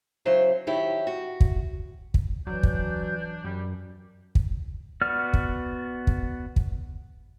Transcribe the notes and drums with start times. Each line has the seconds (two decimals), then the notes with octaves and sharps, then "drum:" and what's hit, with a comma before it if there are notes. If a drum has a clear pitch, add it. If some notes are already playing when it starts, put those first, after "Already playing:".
0.25 C#3 F#3 E4 C5 C#5
0.67 D#3 F3 F#3 E4 G4 C#5
1.07 F#4
1.40 drum: kick
2.14 drum: kick
2.47 E3 F#3 D4 G6
2.63 drum: kick
3.44 F#2 G3
4.35 drum: kick
5.02 B3 F#4 D5 F6
5.33 drum: kick
6.07 drum: kick
6.56 drum: kick